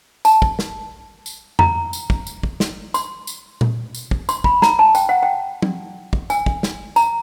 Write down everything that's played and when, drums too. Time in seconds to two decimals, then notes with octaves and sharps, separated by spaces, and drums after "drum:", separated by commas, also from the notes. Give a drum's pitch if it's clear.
0.25 A5, drum: tambourine
0.42 drum: kick
0.59 drum: snare
1.26 drum: tambourine
1.59 A#5, drum: tom F2
1.93 drum: tambourine
2.10 drum: kick
2.27 drum: tambourine
2.43 drum: kick
2.60 drum: snare
2.94 C6, drum: tambourine
3.27 drum: tambourine
3.61 drum: tom A#2
3.95 drum: tambourine
4.11 drum: kick
4.29 C6, drum: tambourine
4.44 B5, drum: kick
4.62 A#5, drum: snare
4.79 A5
4.95 G5, drum: tambourine
5.09 F#5
5.23 G5
5.62 drum: tom
6.13 drum: kick
6.30 G#5, drum: tambourine
6.46 drum: kick
6.63 drum: snare
6.96 A#5, drum: tambourine